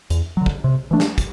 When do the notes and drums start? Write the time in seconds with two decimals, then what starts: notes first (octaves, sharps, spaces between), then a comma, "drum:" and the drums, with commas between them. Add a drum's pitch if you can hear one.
0.10 E2, drum: hi-hat
0.37 D3 F#3
0.46 drum: kick
0.64 C3
0.91 E3 A3 D4
1.00 drum: snare
1.18 drum: kick, hi-hat